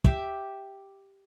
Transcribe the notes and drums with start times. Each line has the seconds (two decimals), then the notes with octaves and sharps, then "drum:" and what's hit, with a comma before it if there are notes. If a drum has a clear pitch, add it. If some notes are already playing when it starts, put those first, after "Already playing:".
0.04 G4 E5, drum: kick